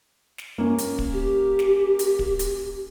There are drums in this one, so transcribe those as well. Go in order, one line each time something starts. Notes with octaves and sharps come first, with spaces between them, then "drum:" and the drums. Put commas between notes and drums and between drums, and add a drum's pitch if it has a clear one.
drum: snare
A#3 C#4
drum: hi-hat
drum: kick
G4
drum: snare
drum: hi-hat
drum: kick
drum: hi-hat